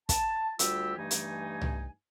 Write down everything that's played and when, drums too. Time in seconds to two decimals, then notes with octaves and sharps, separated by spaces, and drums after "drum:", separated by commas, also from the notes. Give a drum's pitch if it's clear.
0.09 A5, drum: kick, hi-hat
0.59 D2 G3 F4 G4 E6, drum: hi-hat
0.96 G2 E3 A3 D#4 G#5
1.11 drum: hi-hat
1.61 drum: tom C2